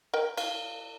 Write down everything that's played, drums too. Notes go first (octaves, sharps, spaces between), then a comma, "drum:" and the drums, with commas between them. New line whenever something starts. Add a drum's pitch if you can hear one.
A#4 D#5 G5
F5, drum: cymbal